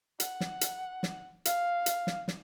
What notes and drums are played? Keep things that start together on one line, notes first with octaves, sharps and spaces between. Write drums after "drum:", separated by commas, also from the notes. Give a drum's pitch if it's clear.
F#5, drum: hi-hat
drum: snare
drum: hi-hat
drum: snare
F5, drum: hi-hat
drum: hi-hat
drum: snare
drum: snare